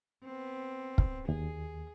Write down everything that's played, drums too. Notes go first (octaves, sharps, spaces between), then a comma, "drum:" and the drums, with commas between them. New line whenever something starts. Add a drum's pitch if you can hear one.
B3 C4
drum: kick
D#2 G#4